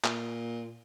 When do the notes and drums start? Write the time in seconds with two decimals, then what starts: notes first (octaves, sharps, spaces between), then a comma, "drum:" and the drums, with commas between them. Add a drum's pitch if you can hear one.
0.04 A#2, drum: clap